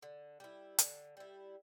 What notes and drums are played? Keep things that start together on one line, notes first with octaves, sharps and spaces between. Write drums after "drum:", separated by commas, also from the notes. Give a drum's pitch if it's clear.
D3
G3 E4
D3, drum: hi-hat
G3 E4